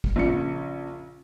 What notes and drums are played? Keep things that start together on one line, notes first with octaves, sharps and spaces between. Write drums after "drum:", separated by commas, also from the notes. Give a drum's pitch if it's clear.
drum: kick
A#1 C#3 C#7